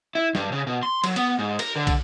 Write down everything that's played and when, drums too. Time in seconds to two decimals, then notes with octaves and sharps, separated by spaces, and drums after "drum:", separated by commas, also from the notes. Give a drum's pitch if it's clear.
0.15 E4
0.35 G2, drum: snare
0.52 C#3
0.67 B2
0.83 C6
1.04 F#3, drum: cymbal
1.16 B3, drum: cymbal
1.39 G#2
1.59 A#4, drum: cymbal
1.76 D3
1.87 drum: kick, cymbal